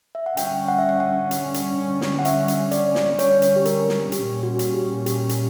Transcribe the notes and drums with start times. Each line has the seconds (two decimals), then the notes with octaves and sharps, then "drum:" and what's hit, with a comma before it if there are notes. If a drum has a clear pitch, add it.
0.15 E5
0.26 F#5
0.37 D3 G3 C#4 G5, drum: hi-hat
0.68 F#5
0.78 E5
0.89 F#5
1.00 F#5
1.31 drum: hi-hat
1.54 drum: hi-hat
2.01 drum: snare
2.19 F#5
2.25 E5, drum: hi-hat
2.48 drum: hi-hat
2.71 D5, drum: hi-hat
2.95 drum: snare
3.19 C#5, drum: hi-hat
3.42 drum: hi-hat
3.56 G4
3.65 A#4, drum: hi-hat
3.89 drum: snare
4.12 A#2 G3 C#4 G4, drum: hi-hat
4.43 F#4
4.59 drum: hi-hat
4.75 G4
5.06 G4, drum: hi-hat
5.29 drum: hi-hat